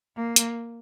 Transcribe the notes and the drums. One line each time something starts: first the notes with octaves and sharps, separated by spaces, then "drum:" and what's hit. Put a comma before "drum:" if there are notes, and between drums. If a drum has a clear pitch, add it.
A#3
drum: hi-hat